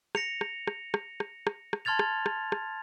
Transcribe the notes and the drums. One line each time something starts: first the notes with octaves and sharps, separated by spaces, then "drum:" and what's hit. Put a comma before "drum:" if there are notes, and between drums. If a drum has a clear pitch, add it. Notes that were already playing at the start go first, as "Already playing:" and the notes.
A#6 C#7 F7, drum: rim click
drum: rim click
drum: rim click
drum: rim click
drum: rim click
drum: rim click
drum: rim click
A5 C6 F6 G#6 A6 F7
drum: rim click
drum: rim click
drum: rim click